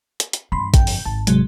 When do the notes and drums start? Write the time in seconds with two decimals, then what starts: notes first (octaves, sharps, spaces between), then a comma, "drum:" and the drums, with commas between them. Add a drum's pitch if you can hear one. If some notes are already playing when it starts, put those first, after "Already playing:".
0.20 drum: hi-hat
0.33 drum: hi-hat
0.52 E2 G2 B5 C6
0.74 G1 F2 G5, drum: kick A1, hi-hat
0.87 drum: open hi-hat
1.05 G#1 A5
1.27 C3 F#3 G#3, drum: hi-hat